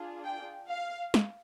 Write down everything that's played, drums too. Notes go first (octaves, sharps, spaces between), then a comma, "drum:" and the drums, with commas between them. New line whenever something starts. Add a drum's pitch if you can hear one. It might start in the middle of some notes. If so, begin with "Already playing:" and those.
Already playing: D4 F4 G#4
G5
F5
drum: snare